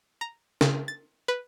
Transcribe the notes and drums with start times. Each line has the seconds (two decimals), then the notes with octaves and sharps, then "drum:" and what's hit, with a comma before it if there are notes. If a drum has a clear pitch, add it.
0.21 A#5
0.61 C#3, drum: snare
0.88 A6
1.28 B4